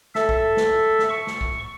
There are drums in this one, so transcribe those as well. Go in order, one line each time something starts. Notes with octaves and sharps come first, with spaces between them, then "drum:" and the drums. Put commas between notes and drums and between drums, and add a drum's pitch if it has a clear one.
A4 E5, drum: snare
drum: kick B1
drum: snare
drum: snare
C#6
drum: snare
drum: kick B1